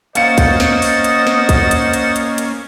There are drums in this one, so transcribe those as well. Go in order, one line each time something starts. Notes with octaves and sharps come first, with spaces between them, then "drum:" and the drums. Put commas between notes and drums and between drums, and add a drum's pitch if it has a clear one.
A#3 C#4 C5 D#5 F5 F#5 A6 C#7, drum: hi-hat
drum: kick, hi-hat
drum: snare
drum: open hi-hat
drum: hi-hat
drum: snare
drum: kick, hi-hat
drum: hi-hat
drum: hi-hat
drum: hi-hat
drum: hi-hat